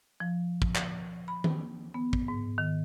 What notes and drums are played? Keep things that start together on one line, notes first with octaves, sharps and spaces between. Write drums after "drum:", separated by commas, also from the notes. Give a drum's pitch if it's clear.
F3
drum: kick
drum: clap
B5
drum: tom D#3
B3
drum: kick
G#2
D#3